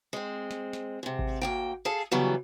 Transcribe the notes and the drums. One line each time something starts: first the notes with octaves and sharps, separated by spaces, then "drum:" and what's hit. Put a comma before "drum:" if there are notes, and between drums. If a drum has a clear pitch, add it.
G#3 C4
drum: snare
drum: snare
G#2 C3
drum: kick G#1
D2 A#3 G5
G#4 A4 F5 A5
C#3 E3 F#3 G3 B3